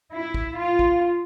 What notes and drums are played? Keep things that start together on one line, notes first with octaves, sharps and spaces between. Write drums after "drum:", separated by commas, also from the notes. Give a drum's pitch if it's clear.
E4
drum: kick
F4
drum: kick